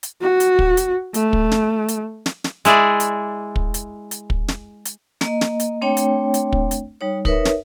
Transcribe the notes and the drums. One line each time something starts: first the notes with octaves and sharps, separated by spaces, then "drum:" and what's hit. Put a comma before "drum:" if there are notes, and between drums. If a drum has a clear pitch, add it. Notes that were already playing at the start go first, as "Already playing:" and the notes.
drum: hi-hat
F#4
drum: hi-hat
drum: kick
drum: hi-hat
A3, drum: hi-hat
drum: kick
drum: snare
drum: hi-hat
drum: snare
drum: snare
G#3 E4 G#4 D5, drum: hi-hat
drum: hi-hat
drum: kick
drum: hi-hat
drum: hi-hat
drum: kick
drum: snare
drum: hi-hat
A#3 D#5, drum: snare
drum: snare
drum: hi-hat
A3 C4 D4 C#5 G5
drum: hi-hat
drum: hi-hat
drum: kick
drum: hi-hat
G3 D#4 C#5
D#4 A#4 B4 C#5 E5, drum: kick
drum: snare